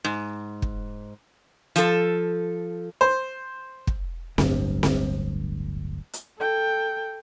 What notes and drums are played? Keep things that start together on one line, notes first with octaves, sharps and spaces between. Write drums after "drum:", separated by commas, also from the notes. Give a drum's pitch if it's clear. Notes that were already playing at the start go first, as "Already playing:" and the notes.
G#2
drum: kick
F3 A4, drum: hi-hat
C5
drum: kick
D1 G1 G2, drum: snare C4
drum: snare C4
drum: hi-hat
A4 G5